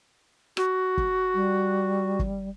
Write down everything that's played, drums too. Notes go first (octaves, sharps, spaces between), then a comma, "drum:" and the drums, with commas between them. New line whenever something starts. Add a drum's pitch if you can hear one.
F#4, drum: rim click
drum: kick
G3
drum: kick